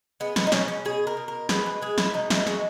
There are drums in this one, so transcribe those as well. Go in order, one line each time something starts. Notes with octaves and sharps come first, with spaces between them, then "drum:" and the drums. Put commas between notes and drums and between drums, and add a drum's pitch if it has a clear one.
G#3 B3
B3, drum: snare
D#4
B2 C#4, drum: snare
C#4
B2 G#4
A#4
B2
A#4
G#3 B4, drum: snare
B4
G#3 G#4
E4, drum: snare
B2 D#4
E4, drum: snare
G#3 F#4, drum: snare